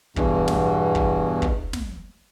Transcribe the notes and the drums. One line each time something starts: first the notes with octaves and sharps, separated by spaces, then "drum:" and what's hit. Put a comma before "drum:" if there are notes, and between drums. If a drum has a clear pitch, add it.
E2 G2 B2 E3, drum: kick
drum: snare
drum: kick
drum: kick
drum: snare